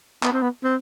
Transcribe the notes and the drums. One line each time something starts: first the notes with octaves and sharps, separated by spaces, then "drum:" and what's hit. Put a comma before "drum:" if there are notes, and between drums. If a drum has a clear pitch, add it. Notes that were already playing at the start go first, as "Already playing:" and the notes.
B3, drum: clap
C4
B3
C4